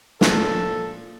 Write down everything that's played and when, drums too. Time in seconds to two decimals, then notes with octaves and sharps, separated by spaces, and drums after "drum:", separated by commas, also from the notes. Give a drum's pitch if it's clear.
0.21 A#2 F3 A4, drum: snare